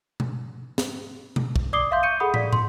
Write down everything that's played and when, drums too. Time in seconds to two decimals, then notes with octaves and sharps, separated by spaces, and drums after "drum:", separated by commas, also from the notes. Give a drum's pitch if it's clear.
0.20 drum: tom B2
0.78 drum: snare
1.36 drum: tom B2
1.56 drum: kick
1.73 D5 D6 D#6 C7 G7
1.91 E5 F5 C6 G6
2.03 C#6 G6 C#7 D#7
2.20 G#4 A4 F#5 B5 D#6
2.34 D5 B6, drum: tom
2.53 C6, drum: tom